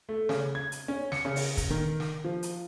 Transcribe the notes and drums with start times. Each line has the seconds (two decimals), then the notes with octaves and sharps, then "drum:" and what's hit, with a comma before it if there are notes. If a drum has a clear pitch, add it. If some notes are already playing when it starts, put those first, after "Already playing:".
0.09 A3
0.29 C#3, drum: snare
0.55 G#6
0.72 drum: hi-hat
0.88 C#4
1.12 C#7, drum: snare
1.25 C#3
1.36 drum: open hi-hat
1.57 drum: kick, hi-hat
1.70 D#3
2.00 drum: snare
2.24 F3
2.43 drum: hi-hat